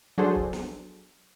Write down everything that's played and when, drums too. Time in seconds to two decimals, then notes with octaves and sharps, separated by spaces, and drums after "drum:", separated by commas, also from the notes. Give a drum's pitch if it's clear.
0.18 F#3 D4 F#4 G#4 A4 C5
0.35 drum: kick
0.53 drum: snare